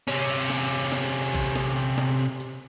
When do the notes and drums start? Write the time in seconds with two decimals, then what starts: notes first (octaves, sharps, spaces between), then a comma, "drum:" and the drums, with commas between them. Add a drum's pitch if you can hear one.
0.08 C3 C#4, drum: snare
0.29 drum: hi-hat
0.50 drum: snare
0.71 drum: hi-hat
0.92 drum: snare
1.13 drum: hi-hat
1.34 drum: kick A#1, open hi-hat
1.55 drum: snare
1.77 drum: open hi-hat
1.98 drum: snare
2.19 drum: hi-hat
2.40 drum: hi-hat